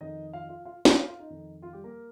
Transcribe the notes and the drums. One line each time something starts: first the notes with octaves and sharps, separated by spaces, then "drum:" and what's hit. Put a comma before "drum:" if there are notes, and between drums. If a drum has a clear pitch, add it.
F2 D#3 D#4 D#5
F4 F5
F4 F5
F4 F5
drum: snare
F4 F5
F4
D#4
F2 D#3
F4
G3 G4
A#3 A#4